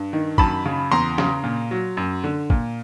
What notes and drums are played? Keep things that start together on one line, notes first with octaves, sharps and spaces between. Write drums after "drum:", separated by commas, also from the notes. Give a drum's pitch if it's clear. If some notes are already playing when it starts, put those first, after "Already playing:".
Already playing: G2
D#3
F#2 A5 B5, drum: kick
C#3
E2 A#5 C6
C#3, drum: snare
A#2
F#3
F#2
D3
A#2, drum: kick